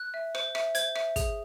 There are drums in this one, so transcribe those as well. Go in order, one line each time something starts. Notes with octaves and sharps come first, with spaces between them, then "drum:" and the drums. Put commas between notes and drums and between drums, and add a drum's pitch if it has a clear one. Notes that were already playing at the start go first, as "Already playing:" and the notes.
Already playing: F#6
E5
C5, drum: rim click
E5, drum: rim click
C5 G#6, drum: hi-hat
E5, drum: rim click
G#4, drum: kick, hi-hat